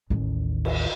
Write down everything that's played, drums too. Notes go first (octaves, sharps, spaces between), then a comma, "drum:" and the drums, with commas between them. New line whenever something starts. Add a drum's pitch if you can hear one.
A1 D#2
drum: cymbal